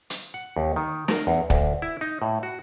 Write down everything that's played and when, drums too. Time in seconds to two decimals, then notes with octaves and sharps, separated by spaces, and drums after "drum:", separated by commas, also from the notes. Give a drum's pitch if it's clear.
0.10 drum: hi-hat
0.34 F#5
0.57 D#2
0.76 D#3
1.08 A#4, drum: snare
1.27 E2
1.50 D2, drum: kick
1.82 E4
2.01 D#4
2.22 A2
2.43 F#4